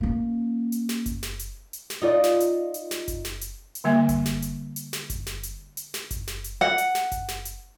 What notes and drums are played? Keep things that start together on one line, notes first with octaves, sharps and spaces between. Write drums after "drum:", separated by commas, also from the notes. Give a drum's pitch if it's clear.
A#3 C#4
drum: hi-hat
drum: snare
drum: kick F#1, hi-hat
drum: snare
drum: hi-hat
drum: hi-hat
drum: snare
D#4 F4 D5
drum: snare
drum: hi-hat
drum: hi-hat
drum: snare
drum: kick F#1, hi-hat
drum: snare
drum: hi-hat
drum: hi-hat
D3 G3 A#3 E5 G#5
drum: kick F#1, hi-hat
drum: snare
drum: hi-hat
drum: hi-hat
drum: snare
drum: kick F#1, hi-hat
drum: snare
drum: hi-hat
drum: hi-hat
drum: snare
drum: kick F#1, hi-hat
drum: snare
drum: hi-hat
F#5
drum: hi-hat
drum: snare
drum: kick F#1, hi-hat
drum: snare
drum: hi-hat